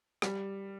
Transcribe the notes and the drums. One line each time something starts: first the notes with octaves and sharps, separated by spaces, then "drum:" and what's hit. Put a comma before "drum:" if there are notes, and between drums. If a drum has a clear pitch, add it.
G3, drum: rim click